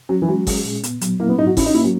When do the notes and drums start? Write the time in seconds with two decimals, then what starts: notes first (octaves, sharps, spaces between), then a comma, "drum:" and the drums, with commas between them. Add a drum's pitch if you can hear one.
0.09 F#3 C#4
0.22 E3
0.28 F#3 G#3
0.47 G#4, drum: kick G1, open hi-hat
0.65 A#2
0.83 B3, drum: hi-hat
1.01 F#3, drum: hi-hat
1.20 A#3 E4
1.29 B3
1.38 G#2 D#4
1.47 F#4
1.57 C#4 E4, drum: kick G1, open hi-hat
1.66 D#4
1.74 A#3 E4
1.84 F#3